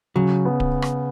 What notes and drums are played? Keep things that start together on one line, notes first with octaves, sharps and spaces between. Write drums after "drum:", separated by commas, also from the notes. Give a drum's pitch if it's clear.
C#3 F#3
B3
drum: kick D1
drum: rim click